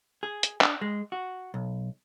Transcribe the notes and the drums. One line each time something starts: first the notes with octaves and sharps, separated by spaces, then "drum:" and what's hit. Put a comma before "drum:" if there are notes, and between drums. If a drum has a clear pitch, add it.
G#4
drum: hi-hat
D4, drum: clap
G#3
F#4
B1